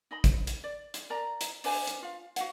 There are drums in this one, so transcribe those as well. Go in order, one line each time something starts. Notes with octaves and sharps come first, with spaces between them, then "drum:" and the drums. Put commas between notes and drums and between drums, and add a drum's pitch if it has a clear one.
D#4 D#5 B5
drum: kick, hi-hat
drum: hi-hat
D5
drum: hi-hat
A#4 D5 A#5
drum: hi-hat
D4 B4 C5 G#5, drum: open hi-hat
drum: hi-hat
F4 F5
F#4 F5 F#5, drum: hi-hat